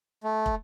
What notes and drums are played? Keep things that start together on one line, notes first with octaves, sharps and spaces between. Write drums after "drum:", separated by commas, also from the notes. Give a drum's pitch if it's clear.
A3
drum: kick